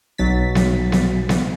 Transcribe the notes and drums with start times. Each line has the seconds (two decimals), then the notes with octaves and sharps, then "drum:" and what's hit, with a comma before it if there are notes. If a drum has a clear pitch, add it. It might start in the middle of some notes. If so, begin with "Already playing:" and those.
0.18 B1 F#3 A6 B6
0.55 drum: snare B3
0.92 drum: snare B3
1.29 drum: snare B3